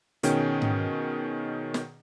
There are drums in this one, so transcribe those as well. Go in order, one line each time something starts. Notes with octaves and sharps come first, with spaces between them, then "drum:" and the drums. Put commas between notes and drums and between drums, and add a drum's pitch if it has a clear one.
B2 D#3 C#4 G#4 G5, drum: hi-hat
drum: tom G#2
drum: snare